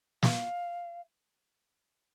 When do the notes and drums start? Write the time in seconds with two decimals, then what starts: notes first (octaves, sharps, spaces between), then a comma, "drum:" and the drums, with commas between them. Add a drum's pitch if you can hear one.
0.23 F5, drum: snare